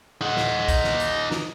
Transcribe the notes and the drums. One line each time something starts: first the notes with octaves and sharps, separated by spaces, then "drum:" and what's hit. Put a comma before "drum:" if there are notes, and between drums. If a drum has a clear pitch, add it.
D#4 F#5
drum: snare
drum: kick A#1, hi-hat
drum: snare
drum: hi-hat
drum: snare